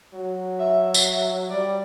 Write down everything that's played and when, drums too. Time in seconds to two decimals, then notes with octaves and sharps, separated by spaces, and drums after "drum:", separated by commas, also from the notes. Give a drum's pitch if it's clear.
0.14 F#3
0.60 E5
0.94 drum: tambourine
1.04 E5
1.51 G3 D5